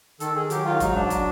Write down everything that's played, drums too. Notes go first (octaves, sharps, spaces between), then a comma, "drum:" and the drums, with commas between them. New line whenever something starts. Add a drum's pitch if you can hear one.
D#3 A4, drum: hi-hat
D#3 G#4
F#3 G4, drum: hi-hat
F#3 F4
G#2 D#4, drum: kick, hi-hat
F#3 D4
drum: kick, hi-hat